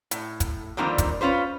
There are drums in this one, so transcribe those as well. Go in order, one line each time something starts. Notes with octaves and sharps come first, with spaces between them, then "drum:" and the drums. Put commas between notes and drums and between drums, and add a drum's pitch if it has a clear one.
A2, drum: hi-hat
drum: kick, hi-hat
D3 D#3 F3 G3 A#3 C4
drum: kick, hi-hat
C#4 F4 B4 C5